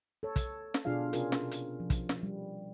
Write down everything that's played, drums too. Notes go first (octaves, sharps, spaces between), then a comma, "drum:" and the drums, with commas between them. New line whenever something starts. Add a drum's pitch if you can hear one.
A4 C#5
drum: kick, hi-hat
drum: snare
B2 D4 F4 G#4 F5
C3 C4 C#4 F4 G#4 A#4, drum: hi-hat
drum: snare
drum: hi-hat
F3
drum: kick, hi-hat
drum: snare
G3